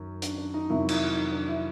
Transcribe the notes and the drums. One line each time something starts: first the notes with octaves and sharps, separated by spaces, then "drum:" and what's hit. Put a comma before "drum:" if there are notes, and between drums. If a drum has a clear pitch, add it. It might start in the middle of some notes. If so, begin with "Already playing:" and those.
Already playing: F#2 D#3 F#3 C#4
D4, drum: hi-hat
D4
D#4
F2 C3 D#3 F#3 E4
D#4, drum: cymbal
E4
D#4
D4
E4